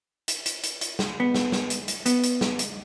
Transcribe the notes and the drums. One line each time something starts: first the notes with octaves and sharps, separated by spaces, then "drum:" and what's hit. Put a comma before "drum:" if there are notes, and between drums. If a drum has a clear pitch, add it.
drum: hi-hat
drum: hi-hat
drum: hi-hat
drum: hi-hat
drum: snare
B3
drum: snare
drum: snare
drum: hi-hat
drum: hi-hat
B3, drum: hi-hat
drum: hi-hat
drum: snare
drum: hi-hat